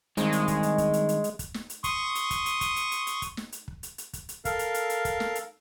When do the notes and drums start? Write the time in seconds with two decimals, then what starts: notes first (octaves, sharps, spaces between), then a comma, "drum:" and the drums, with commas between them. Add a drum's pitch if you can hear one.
0.17 G2 D#3 G#3 C4, drum: hi-hat
0.32 drum: hi-hat
0.48 drum: kick, hi-hat
0.63 drum: hi-hat
0.78 drum: kick, hi-hat
0.93 drum: hi-hat
1.09 drum: hi-hat
1.24 drum: hi-hat
1.39 drum: kick, hi-hat
1.54 drum: snare
1.70 drum: hi-hat
1.84 C6 C#6 D#6, drum: kick, hi-hat
2.15 drum: hi-hat
2.31 drum: kick, hi-hat
2.46 drum: hi-hat
2.61 drum: kick, hi-hat
2.76 drum: hi-hat
2.91 drum: hi-hat
3.07 drum: hi-hat
3.22 drum: kick, hi-hat
3.37 drum: snare
3.52 drum: hi-hat
3.68 drum: kick
3.83 drum: hi-hat
3.98 drum: hi-hat
4.13 drum: kick, hi-hat
4.29 drum: hi-hat
4.45 A4 A#4 F5, drum: kick, hi-hat
4.59 drum: hi-hat
4.74 drum: hi-hat
4.90 drum: hi-hat
5.05 drum: kick, hi-hat
5.20 drum: snare
5.35 drum: hi-hat